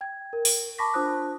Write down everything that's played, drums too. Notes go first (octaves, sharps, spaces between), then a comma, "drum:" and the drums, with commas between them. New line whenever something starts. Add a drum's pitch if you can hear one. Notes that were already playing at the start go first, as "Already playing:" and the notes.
G5 G#6
A#4
drum: open hi-hat
A5 B5 C#6 D6 A#6 B6
D4 F4 C5 A5 D#6 F#6